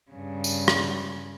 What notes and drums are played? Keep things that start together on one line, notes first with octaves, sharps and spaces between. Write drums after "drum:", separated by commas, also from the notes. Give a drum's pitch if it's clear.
G2 C#3
drum: tambourine
drum: rim click